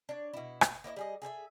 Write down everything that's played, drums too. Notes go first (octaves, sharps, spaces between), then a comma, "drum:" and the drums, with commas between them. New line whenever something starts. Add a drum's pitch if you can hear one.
D4 C#5
B2 E4
drum: rim click
A#3 E4 C#5 D#5
G3 G#4 D#5
G#4 A4 C5 E5